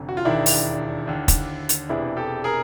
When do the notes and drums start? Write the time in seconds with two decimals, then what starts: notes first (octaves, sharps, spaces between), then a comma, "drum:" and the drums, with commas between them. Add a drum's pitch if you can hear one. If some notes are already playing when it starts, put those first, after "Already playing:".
Already playing: F1 F2 D3
0.09 F#4
0.17 F4
0.25 E1 D#2 D#3 D4 E4
0.46 drum: open hi-hat
1.07 D#2 D3
1.28 drum: kick, hi-hat
1.69 drum: hi-hat
1.89 E1 E2 C3 E3 D4 E4
2.17 G4 A4
2.44 G#4 A#4